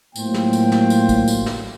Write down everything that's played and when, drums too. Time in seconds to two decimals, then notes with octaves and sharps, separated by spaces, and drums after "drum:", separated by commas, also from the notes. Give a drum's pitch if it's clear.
0.16 A2 F#3 A#3 F4 C5 G5, drum: tambourine
0.34 drum: snare
0.53 drum: tambourine
0.72 drum: snare
0.90 drum: tambourine
1.09 drum: kick, tambourine
1.28 drum: tambourine
1.46 drum: snare